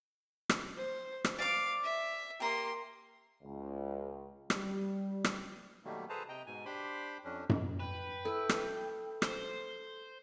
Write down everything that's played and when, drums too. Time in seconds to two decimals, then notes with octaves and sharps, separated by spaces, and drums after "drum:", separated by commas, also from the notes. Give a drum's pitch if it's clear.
0.49 drum: rim click
0.77 C5
1.24 drum: rim click
1.39 D5 F5 D6
1.83 E5
2.40 A#3 G4 A#5 C6
3.43 C#2
4.50 G3, drum: rim click
5.24 drum: rim click
5.85 B2 D#3 F#3 G3 A3 A#3
6.09 G#4 A4 B4 C5 A5 A#5
6.28 C3 D#5 G5 A#5
6.47 G#2 B2 G#5
6.66 D4 G4 C5 B5 C6 D6
7.24 F2 C#4 D4
7.49 drum: tom F#2
7.80 B4 G5
8.25 E4 A4
8.49 drum: rim click
9.22 C5, drum: rim click